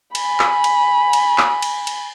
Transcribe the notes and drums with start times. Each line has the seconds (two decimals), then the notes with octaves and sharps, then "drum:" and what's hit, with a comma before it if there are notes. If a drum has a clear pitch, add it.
0.15 G#5 B5, drum: cymbal
0.40 drum: clap
0.64 drum: cymbal
1.13 drum: cymbal
1.38 drum: clap
1.62 drum: cymbal
1.87 drum: cymbal